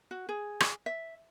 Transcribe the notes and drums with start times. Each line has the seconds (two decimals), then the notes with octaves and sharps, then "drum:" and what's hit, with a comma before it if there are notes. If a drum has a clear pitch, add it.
0.11 F#4
0.29 G#4
0.60 drum: rim click
0.86 E5